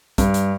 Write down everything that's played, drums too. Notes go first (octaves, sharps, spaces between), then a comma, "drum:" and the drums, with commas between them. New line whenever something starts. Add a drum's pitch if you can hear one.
G2, drum: kick, hi-hat
drum: hi-hat